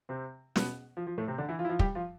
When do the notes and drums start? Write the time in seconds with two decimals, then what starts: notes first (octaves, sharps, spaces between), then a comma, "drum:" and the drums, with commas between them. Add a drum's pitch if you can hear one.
0.09 C3 C4
0.56 B2 B3, drum: snare
0.97 F3
1.07 F3
1.17 A2 A3
1.28 C3 C4
1.38 D3 D4
1.49 E3 E4
1.59 F3 F4
1.65 E4
1.69 F3 F4
1.79 G3 G4, drum: kick
1.95 F3 F4